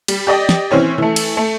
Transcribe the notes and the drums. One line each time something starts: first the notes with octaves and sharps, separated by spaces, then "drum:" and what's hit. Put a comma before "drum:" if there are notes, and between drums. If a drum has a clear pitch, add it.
G3, drum: cymbal
G4 D5 D#5 G5
drum: snare
E3 C4 C#4 C#5
E3 A3
drum: cymbal
A3